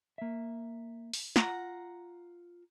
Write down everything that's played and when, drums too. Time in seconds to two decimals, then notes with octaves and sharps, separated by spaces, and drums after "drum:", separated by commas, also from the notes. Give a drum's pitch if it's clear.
0.18 A#3 E5
1.13 drum: open hi-hat
1.36 F4 F#5 A#5, drum: snare